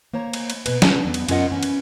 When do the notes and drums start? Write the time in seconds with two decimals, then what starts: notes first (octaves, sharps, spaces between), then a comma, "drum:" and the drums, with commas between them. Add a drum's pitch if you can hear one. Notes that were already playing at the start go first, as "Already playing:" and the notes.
0.13 A#3 C5 C#5 A#5
0.33 drum: cymbal
0.50 drum: cymbal
0.66 B2 B4, drum: cymbal
0.82 B3 C#4 D4 G#5 A5, drum: snare
1.05 E2 B3
1.14 drum: cymbal
1.29 F#2 C#4 F4 A#4 D#5 F#5, drum: cymbal
1.52 E3 C#4
1.63 drum: cymbal